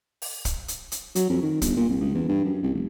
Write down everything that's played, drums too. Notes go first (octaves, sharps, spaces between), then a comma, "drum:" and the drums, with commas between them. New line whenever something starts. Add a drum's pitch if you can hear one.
drum: open hi-hat
drum: kick, hi-hat
drum: hi-hat
drum: hi-hat
F#3, drum: hi-hat
F2
D#3
G1, drum: kick, hi-hat
A#2
C2
C#2
E2
G2
F#2
C2
F1